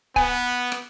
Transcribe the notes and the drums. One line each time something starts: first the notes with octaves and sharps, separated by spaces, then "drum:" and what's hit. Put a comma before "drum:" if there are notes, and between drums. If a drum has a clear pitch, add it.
B3 G#5, drum: kick C#1
drum: rim click